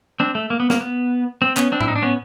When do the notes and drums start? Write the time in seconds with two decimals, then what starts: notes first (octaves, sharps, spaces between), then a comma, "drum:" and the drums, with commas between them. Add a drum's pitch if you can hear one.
0.20 C4 D4
0.35 A3
0.50 A#3
0.60 B3
0.70 A#3, drum: snare
0.81 B3
1.42 C4
1.57 B3 C#4, drum: clap
1.72 C4 D4
1.81 E4, drum: tom A2
1.88 D#4
1.96 D4
2.02 B3 C#4